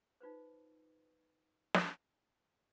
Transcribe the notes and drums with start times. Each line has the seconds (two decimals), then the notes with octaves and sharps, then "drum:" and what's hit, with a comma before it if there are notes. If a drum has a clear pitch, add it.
0.21 D#4 F4 B4 C5
1.74 drum: snare